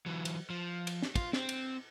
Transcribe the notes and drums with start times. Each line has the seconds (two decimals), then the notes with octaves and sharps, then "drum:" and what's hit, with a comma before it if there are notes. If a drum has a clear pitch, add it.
0.06 E3 F#3
0.25 drum: cymbal
0.50 F3
0.87 drum: cymbal
1.02 drum: snare
1.15 F4, drum: kick, cymbal
1.33 C4, drum: snare
1.49 drum: cymbal